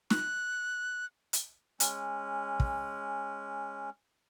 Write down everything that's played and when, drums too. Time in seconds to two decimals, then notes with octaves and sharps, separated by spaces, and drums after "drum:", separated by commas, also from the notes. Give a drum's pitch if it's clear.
0.10 F#6, drum: snare
1.33 drum: hi-hat
1.80 G#3 C#4, drum: hi-hat
2.60 drum: kick